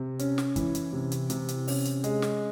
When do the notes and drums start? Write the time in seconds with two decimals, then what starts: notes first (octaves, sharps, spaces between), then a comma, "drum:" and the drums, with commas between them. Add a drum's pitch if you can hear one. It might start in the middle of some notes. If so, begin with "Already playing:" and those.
Already playing: C3
0.19 C#4, drum: hi-hat
0.38 drum: snare
0.56 E3, drum: kick, hi-hat
0.75 drum: hi-hat
0.93 C3
1.12 drum: hi-hat
1.30 C3, drum: hi-hat
1.48 drum: hi-hat
1.68 C#4, drum: open hi-hat
1.85 drum: hi-hat
2.04 G#3, drum: hi-hat
2.22 drum: snare